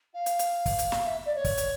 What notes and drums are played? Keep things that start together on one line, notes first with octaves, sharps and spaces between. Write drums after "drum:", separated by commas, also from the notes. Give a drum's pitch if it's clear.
F5
drum: hi-hat
drum: hi-hat
drum: kick, open hi-hat
drum: hi-hat
drum: snare
E5
D5
C#5
drum: kick, open hi-hat
drum: hi-hat